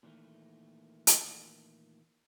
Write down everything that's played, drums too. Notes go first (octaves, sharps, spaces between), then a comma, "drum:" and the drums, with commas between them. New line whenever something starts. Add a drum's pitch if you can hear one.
A#2 D#3 E3 F#3 A3 A#3
drum: hi-hat